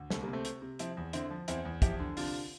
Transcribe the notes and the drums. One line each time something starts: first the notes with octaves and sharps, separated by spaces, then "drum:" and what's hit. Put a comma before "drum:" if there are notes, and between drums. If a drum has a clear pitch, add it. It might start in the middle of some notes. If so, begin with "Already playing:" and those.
Already playing: D2
C2 A3 C4, drum: snare
G3 A#3
C3
A3 C4
C3, drum: hi-hat
C3
F3 C4 E4, drum: hi-hat
E2
D3 C4 E4, drum: hi-hat
F3
E2 C4 E4, drum: hi-hat
E2
F3 E4 G4, drum: kick, hi-hat
D3
C3 D4 F4, drum: open hi-hat